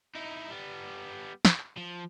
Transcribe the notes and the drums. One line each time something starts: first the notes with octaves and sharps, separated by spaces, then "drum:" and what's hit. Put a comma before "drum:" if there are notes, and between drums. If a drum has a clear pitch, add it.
D#4 E4
G3 B3
drum: snare
F3